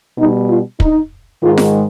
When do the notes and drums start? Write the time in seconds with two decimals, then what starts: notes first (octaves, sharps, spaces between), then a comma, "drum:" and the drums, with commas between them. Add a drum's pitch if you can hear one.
0.18 B2 G3 D#4
0.48 F4
0.80 D#4, drum: kick
1.42 G#2 D#3 G#3 F4
1.57 drum: snare F4